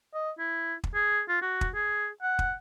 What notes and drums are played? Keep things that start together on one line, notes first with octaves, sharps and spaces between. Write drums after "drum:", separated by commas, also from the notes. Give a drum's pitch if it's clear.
D#5
E4
drum: kick
G#4
F4
F#4
drum: kick
G#4
F#5
drum: kick